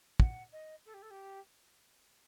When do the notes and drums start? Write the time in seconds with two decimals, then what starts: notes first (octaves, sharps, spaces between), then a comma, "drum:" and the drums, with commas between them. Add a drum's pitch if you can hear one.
0.20 F#5, drum: kick
0.52 D#5
0.85 A4
0.94 G4
1.02 A4
1.10 G4